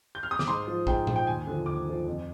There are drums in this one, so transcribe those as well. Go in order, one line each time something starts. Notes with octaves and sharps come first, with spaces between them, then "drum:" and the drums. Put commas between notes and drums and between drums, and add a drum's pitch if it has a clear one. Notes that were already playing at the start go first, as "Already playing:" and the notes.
G6
F6
D#6
D6, drum: snare
G#2 C6
F3
G#2 G5, drum: kick
F3, drum: tom A#2
G5
D#2 G#5
D3 F3
D#2 D6
D3 F3
F2